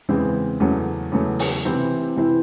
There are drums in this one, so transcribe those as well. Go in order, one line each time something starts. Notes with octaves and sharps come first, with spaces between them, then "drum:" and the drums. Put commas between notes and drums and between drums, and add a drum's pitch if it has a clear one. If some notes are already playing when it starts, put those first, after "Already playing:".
E2 C#3 E3 G#3 C4
E2 C#3 F#3 A3 C#4
E2 C#3 F#3 A3 C#4
drum: open hi-hat
C3 E3 C4 E4
C3 E3 C4 E4